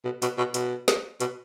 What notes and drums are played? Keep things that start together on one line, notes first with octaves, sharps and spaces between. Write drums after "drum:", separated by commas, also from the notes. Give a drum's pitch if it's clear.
B2
B2, drum: hi-hat
B2
B2, drum: hi-hat
drum: snare
B2, drum: hi-hat